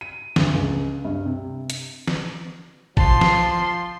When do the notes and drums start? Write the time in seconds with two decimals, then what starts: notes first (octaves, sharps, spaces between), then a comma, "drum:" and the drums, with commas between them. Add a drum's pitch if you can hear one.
0.01 D#7
0.36 D2, drum: snare
0.53 C#2
1.05 G2
1.26 C3
1.70 drum: hi-hat
2.08 drum: snare
2.97 F3 A5 C6, drum: kick
3.21 drum: snare